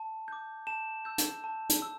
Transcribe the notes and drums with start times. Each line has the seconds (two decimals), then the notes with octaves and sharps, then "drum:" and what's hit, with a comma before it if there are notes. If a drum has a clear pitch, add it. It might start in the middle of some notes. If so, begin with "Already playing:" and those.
Already playing: A5
0.28 D6 G6
0.67 A5 E7
1.05 E6 G6
1.18 drum: hi-hat
1.44 A5
1.69 drum: hi-hat
1.82 E6